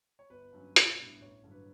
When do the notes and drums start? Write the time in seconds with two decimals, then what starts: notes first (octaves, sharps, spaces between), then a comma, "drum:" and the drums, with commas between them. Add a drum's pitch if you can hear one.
0.19 C#5
0.30 G1 B4
0.53 G2 F#3 C#4
0.76 B1, drum: hi-hat
0.99 A2 G3 B3 D4
1.21 A1 C#5
1.43 G2 D3 F#3
1.51 B4